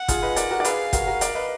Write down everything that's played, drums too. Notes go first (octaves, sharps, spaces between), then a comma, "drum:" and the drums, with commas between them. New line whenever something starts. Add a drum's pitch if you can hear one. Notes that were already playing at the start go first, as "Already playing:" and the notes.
Already playing: F#5
F4 G#4, drum: kick, hi-hat
B4 D#5
A#4 D5, drum: hi-hat
F#4 A#4
D5
G#4 B4 F5, drum: hi-hat
F#4 A#4, drum: kick, hi-hat
F#4 A#4
A#4 D5, drum: hi-hat
B4 D#5